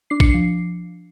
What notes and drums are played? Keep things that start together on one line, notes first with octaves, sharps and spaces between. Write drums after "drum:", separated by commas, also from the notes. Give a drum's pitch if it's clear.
D4 C7
C#7, drum: kick A1
F3 C7